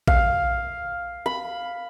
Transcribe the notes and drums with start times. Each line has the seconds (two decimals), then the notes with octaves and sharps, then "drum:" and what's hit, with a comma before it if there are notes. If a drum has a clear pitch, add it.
0.08 F5, drum: kick A#1
1.26 B5